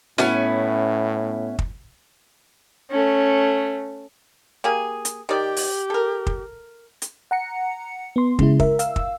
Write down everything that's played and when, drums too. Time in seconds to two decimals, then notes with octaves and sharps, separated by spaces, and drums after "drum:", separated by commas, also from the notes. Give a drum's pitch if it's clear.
0.18 A2 B3 C#4 E4, drum: snare
1.59 drum: kick
2.91 A3 C#4
4.64 A#3 G4 G#4
5.05 drum: hi-hat
5.29 D#3 G4 D5
5.57 drum: open hi-hat
5.90 A4 A#4
6.27 drum: kick
7.02 drum: hi-hat
7.31 F#5 A#5 C#7
8.16 B3 C6
8.39 C#3 G#3 E4, drum: kick
8.60 A#4 E5, drum: kick
8.79 F5 E6, drum: hi-hat
8.96 drum: kick